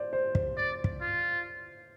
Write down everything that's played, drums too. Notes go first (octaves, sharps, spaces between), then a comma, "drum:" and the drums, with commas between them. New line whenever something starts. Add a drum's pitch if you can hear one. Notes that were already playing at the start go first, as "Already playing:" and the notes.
Already playing: C5 D5
C5
C5, drum: kick
D5
drum: kick
F4